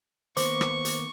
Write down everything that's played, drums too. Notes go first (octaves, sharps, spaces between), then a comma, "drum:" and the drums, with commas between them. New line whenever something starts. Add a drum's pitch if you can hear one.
D#3 A#3 B3 C5 C#6 D6, drum: hi-hat
drum: rim click
drum: hi-hat